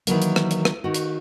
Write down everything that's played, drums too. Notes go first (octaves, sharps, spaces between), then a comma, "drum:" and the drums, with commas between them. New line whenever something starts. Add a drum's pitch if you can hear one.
D#3 E3 F#3 A#3, drum: hi-hat
drum: hi-hat
drum: rim click
drum: hi-hat
drum: rim click
D#3 F#4
drum: hi-hat